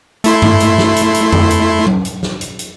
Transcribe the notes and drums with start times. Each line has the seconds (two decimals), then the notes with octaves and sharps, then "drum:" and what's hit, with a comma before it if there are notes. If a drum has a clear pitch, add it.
0.24 A3 E4 C6, drum: hi-hat
0.42 drum: tom G2
0.60 drum: hi-hat
0.78 drum: snare
0.96 drum: hi-hat
1.14 drum: hi-hat
1.33 drum: tom F2
1.51 drum: hi-hat
1.87 drum: tom F#3
2.05 drum: hi-hat
2.23 drum: snare
2.41 drum: hi-hat
2.59 drum: hi-hat